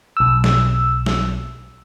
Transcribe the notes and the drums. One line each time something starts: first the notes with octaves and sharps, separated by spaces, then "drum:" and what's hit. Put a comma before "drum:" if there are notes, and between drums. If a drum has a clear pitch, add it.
B1 E6
drum: snare
drum: snare